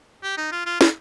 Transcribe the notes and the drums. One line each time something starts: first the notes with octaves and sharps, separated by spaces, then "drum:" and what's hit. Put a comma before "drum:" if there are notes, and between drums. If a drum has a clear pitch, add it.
G4
D#4
F4
F4
F4, drum: snare